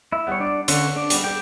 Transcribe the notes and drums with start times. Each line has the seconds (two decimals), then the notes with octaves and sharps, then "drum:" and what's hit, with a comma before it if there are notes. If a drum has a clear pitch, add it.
0.12 E4 E5
0.27 G3 B3 C#5
0.40 D4 D5
0.68 D3 C#4 C#5, drum: hi-hat
0.96 D4 D5
1.10 G3 B3, drum: hi-hat
1.24 G4 G5